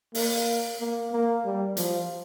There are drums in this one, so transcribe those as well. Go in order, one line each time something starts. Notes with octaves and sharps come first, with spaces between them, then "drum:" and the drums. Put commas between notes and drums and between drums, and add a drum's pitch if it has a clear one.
A#3, drum: open hi-hat
A#3
A#3
G3
F3, drum: hi-hat